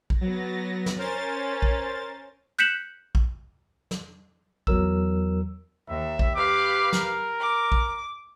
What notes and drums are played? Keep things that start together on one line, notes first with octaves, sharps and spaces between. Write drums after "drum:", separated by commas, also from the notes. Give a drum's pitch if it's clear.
drum: kick
F#3 B3 A6 A#6
drum: snare
C#4 A#4 C5 A6
drum: kick
F#6 G6 B6 C#7 E7 F#7
drum: kick
drum: snare
E2 F#3 A#4 E6, drum: kick
D#2 E5
drum: kick
G4 B4 F5 D6
A#4, drum: snare
D6
drum: kick